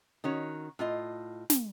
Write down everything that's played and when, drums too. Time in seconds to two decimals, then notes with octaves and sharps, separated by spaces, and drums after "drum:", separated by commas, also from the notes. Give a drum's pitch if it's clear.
0.24 D#3 C#4 F#4 C#5
0.79 A2 F4 D#5
1.50 drum: snare